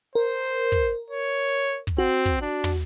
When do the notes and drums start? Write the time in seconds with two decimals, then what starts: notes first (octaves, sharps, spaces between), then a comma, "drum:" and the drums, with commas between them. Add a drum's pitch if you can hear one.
0.15 A#4 C5
0.72 drum: kick, hi-hat
1.10 C#5
1.49 drum: hi-hat
1.87 drum: kick, hi-hat
1.98 C4 F#4
2.26 drum: kick, hi-hat
2.41 D4
2.64 drum: tom